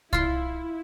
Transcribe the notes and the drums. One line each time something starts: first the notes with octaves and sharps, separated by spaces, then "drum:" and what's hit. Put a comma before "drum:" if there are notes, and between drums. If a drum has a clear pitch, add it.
E4 F4 C6, drum: kick C2